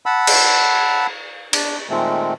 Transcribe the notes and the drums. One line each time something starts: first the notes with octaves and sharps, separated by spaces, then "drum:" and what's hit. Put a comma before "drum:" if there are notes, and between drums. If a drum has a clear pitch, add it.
F#5 A5 B5 E6
drum: cymbal
D4, drum: cymbal
A#2 D#3 G#3 A3 C4